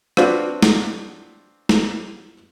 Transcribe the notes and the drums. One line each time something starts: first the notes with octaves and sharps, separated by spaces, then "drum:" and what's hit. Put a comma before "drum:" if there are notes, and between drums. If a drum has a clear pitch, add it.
C4 D4 F4 F#4 B4 C5, drum: rim click
drum: snare
drum: snare